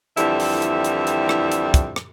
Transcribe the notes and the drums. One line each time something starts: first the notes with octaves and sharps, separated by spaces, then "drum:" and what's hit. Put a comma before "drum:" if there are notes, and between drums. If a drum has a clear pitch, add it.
F2 D3 E3 G3 E4 E5, drum: hi-hat
drum: open hi-hat
drum: hi-hat
drum: hi-hat
drum: hi-hat
drum: rim click
drum: hi-hat
drum: kick, hi-hat
drum: rim click